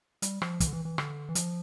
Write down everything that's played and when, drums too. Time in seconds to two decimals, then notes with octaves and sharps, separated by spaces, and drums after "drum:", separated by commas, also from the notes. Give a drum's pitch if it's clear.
0.22 G3, drum: hi-hat
0.42 F3, drum: rim click
0.60 E3, drum: kick, hi-hat
0.67 D3
0.73 E3
0.85 E3
0.98 D3, drum: rim click
1.29 E3
1.35 F3, drum: hi-hat